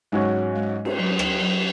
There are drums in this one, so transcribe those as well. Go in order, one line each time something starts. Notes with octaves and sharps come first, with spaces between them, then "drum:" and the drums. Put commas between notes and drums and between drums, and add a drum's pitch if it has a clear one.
G#2 F#3 G#3 C#4 F#4 C#5
G#3
drum: cymbal
F#3
drum: rim click
F#3